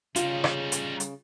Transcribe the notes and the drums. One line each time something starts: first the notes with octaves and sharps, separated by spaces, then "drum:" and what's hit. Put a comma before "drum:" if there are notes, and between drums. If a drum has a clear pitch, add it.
C#3 G3 D#4 F4, drum: hi-hat
drum: rim click
drum: hi-hat
drum: hi-hat